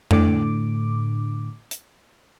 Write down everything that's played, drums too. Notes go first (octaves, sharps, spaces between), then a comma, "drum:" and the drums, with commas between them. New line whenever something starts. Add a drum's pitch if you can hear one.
A2 D3 D6, drum: tom F2
drum: hi-hat